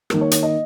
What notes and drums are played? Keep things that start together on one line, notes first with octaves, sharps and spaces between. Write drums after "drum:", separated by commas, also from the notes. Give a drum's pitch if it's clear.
D#3 A#3 D#4 A#4, drum: rim click
C#5
C#5, drum: hi-hat
D#5